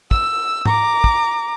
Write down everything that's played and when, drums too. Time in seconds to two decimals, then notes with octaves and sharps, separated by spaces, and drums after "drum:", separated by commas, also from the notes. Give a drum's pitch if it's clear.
0.11 E6, drum: kick
0.65 A#5 D6, drum: tom G#2
1.04 drum: kick